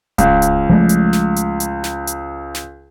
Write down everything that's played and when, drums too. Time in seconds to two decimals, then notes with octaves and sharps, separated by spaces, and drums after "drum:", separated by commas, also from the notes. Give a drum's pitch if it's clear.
0.18 C#2, drum: kick D1, hi-hat
0.42 drum: hi-hat
0.70 F3 G#3 A3
0.89 drum: hi-hat
1.13 drum: snare
1.36 drum: hi-hat
1.60 drum: hi-hat
1.84 drum: snare
2.07 drum: hi-hat
2.54 drum: snare